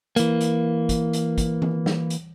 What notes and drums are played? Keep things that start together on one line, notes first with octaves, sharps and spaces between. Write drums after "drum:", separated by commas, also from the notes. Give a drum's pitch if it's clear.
E3 A#3, drum: hi-hat
drum: hi-hat
drum: kick, hi-hat
drum: hi-hat
drum: kick, hi-hat
drum: tom E3
drum: snare
drum: hi-hat